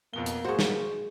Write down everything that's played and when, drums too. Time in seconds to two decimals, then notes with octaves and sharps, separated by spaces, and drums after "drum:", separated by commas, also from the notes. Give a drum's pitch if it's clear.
0.13 F2 B2 A#3 G7
0.26 drum: hi-hat
0.44 G#3 F#4 C5 C#6
0.59 drum: snare